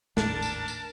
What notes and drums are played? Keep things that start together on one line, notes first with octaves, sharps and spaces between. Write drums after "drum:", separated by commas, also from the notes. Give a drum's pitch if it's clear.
G#1 D#2 A2 D4 A#4 A5, drum: snare
drum: tambourine
drum: tambourine